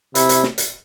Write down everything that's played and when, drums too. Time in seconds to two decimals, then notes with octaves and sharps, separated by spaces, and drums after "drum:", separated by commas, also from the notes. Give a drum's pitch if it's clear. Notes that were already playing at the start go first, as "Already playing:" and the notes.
0.15 C3 E4, drum: hi-hat
0.29 drum: hi-hat
0.43 drum: snare
0.58 drum: hi-hat